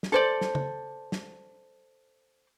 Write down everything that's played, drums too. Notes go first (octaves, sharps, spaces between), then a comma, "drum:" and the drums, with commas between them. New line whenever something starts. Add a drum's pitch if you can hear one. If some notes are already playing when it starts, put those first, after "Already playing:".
drum: snare
A4 C5 D5
drum: snare
drum: tom
drum: snare